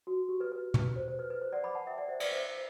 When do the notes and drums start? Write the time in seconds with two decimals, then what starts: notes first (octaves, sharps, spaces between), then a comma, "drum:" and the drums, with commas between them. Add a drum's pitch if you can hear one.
0.07 F#4
0.29 G4
0.40 B4
0.52 B4
0.74 B4, drum: tom
0.96 C5
1.08 C5
1.19 B4
1.30 B4
1.41 C5
1.53 D5 F#5
1.64 B5 D6
1.75 F#5 A5
1.87 E5 G5
1.98 D5 F#5
2.09 C5 E5
2.20 B4 D5, drum: cymbal
2.31 C5 E5
2.54 C5